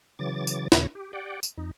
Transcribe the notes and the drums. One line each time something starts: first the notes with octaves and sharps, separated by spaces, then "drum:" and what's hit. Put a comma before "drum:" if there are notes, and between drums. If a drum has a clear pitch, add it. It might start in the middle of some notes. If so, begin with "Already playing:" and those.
C#3 E3 F#3 D6 A6
drum: tambourine
D#2 A#2 C#3 C#5 A#6, drum: snare
G4
G4 D5 F#5 G5
drum: tambourine
F2 D#4